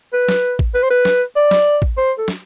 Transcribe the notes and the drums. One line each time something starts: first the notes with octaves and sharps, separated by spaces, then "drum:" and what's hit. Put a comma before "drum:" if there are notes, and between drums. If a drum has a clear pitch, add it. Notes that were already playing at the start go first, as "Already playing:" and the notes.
B4
drum: snare
drum: kick
B4
C5
B4
drum: snare
D5
drum: snare
drum: kick
C5
A4
drum: snare